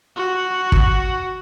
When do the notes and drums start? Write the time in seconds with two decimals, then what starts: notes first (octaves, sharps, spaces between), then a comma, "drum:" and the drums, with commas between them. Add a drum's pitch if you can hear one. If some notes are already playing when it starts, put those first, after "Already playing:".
0.16 F#4
0.72 drum: kick